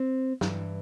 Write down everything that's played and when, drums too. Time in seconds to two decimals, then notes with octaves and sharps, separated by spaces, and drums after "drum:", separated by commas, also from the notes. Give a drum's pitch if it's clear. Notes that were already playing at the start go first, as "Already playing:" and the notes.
Already playing: C4
0.41 G2 E3, drum: snare